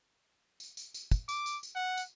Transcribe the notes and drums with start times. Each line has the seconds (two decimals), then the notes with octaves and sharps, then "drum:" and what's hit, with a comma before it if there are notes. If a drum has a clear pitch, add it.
0.60 drum: tambourine
0.77 drum: tambourine
0.94 drum: tambourine
1.12 drum: kick, tambourine
1.29 D6, drum: tambourine
1.46 drum: tambourine
1.63 drum: tambourine
1.75 F#5
1.97 drum: tambourine